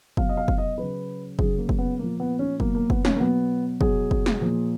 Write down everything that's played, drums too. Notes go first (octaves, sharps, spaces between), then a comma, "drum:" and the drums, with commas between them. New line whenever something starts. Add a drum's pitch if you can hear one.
B2 F#3 F5, drum: kick
D#5
F5
drum: kick
D#5
C#3 F#3 B4
C#3 F#3 G#4, drum: kick
A#3
drum: kick
B3
A#2 F3 A#3
B3
C#4
B2 F#3 A#3, drum: kick
A#3
B3, drum: kick
C#4, drum: snare
A#3
B2 F#3 B3
B2 F#3 G#4, drum: kick
drum: kick
drum: snare
A#2 F3